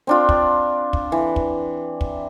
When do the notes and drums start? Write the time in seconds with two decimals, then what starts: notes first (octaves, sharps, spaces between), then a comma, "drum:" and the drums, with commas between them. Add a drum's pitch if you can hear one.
0.07 C4 D4 F4
0.29 drum: kick
0.93 drum: kick
1.12 E3
1.36 drum: kick
2.01 drum: kick